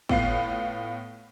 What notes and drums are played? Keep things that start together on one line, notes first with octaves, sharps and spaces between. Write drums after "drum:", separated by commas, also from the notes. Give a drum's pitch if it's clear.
A2 B3 F4 C7, drum: kick